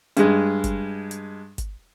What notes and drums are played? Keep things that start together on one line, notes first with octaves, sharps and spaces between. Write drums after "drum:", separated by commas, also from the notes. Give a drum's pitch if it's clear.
G2 G#3, drum: hi-hat
drum: kick G#1, hi-hat
drum: hi-hat
drum: kick G#1, hi-hat